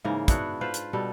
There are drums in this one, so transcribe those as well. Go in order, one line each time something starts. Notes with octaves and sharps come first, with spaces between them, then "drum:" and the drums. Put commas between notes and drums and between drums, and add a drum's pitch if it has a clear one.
G#2 C#3 E3 A#3
B3 D4 E4 F#4, drum: kick, hi-hat
F4 B4 C5
drum: hi-hat
B2 G3 A4